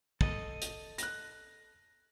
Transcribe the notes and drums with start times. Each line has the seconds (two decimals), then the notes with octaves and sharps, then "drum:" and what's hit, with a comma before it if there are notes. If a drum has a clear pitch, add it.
0.21 A4 D#5, drum: kick
0.61 drum: hi-hat
0.98 F#6 A#6, drum: hi-hat